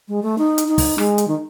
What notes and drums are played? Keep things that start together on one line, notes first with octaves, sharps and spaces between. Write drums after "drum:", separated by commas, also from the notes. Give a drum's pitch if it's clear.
G#3
A3
D#4
drum: hi-hat
D#4
drum: kick, open hi-hat
G#3, drum: rim click
drum: hi-hat
D#3